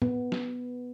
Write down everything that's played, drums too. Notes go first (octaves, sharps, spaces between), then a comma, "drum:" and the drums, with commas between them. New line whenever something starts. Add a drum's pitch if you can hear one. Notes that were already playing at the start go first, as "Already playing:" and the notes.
B3, drum: tom A2
drum: snare